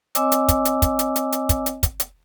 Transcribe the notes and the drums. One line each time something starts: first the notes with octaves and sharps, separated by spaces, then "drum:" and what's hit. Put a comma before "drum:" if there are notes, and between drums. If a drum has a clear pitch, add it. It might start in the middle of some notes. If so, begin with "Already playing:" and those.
C4 C#5 D#5 G#5 D6 E6, drum: hi-hat
drum: hi-hat
drum: kick, hi-hat
drum: hi-hat
drum: kick, hi-hat
drum: hi-hat
drum: hi-hat
drum: hi-hat
drum: kick, hi-hat
drum: hi-hat
drum: kick, hi-hat
drum: hi-hat